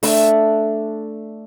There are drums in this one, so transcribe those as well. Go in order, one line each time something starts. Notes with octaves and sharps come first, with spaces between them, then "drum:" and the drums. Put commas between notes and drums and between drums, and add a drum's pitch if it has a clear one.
A3 D4, drum: open hi-hat